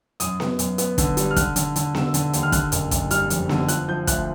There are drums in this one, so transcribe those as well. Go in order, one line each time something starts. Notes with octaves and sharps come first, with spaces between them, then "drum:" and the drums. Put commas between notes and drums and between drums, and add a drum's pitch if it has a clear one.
F#2 D#6, drum: hi-hat
B3, drum: snare B3
F#2, drum: hi-hat
B3, drum: hi-hat
D3, drum: kick, hi-hat
G3, drum: hi-hat
F6
D3 F#6, drum: kick, hi-hat
D3, drum: hi-hat
D3, drum: hi-hat
D3 E6, drum: snare B3
D3, drum: hi-hat
D#2, drum: hi-hat
F6
D3 F#6, drum: kick, hi-hat
F#1, drum: hi-hat
F#1, drum: kick, hi-hat
G3 F6, drum: hi-hat
F2, drum: hi-hat
D3, drum: snare B3
F3 F#6, drum: hi-hat
F3 G6
D2 F#6, drum: kick, hi-hat